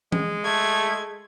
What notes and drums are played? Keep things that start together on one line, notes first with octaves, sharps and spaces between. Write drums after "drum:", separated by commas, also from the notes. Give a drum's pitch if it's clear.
G#3, drum: tom
A3 G#6